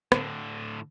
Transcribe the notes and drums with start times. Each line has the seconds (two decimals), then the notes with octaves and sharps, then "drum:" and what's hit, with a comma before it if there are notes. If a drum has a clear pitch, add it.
0.12 A2 D3, drum: rim click